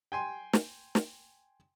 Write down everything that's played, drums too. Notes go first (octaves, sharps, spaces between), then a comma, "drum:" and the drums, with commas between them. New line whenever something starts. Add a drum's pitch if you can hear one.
G5 G#5 C6
drum: snare
drum: snare